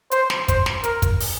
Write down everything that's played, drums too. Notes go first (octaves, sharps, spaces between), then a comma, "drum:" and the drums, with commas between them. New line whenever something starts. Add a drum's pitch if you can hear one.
C5, drum: hi-hat
drum: snare
C5, drum: kick, hi-hat
drum: snare
A#4, drum: hi-hat
drum: kick, hi-hat
drum: open hi-hat